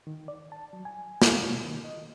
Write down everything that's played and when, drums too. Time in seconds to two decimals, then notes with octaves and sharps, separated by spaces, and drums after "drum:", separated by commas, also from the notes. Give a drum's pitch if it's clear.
0.07 D#3
0.28 D5
0.52 A5
0.73 F#3
0.85 G#5
1.22 drum: snare
1.45 B2
1.64 D#3
1.84 D#5